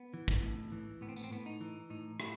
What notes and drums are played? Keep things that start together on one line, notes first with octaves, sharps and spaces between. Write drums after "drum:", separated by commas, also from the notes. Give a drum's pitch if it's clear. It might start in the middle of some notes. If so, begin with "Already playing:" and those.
Already playing: B3
E3
drum: kick
A2
E3
A2 B3
C4
B3, drum: tambourine
C4
A2 B3
D#4
E3
A2 D#4
A2 E4, drum: rim click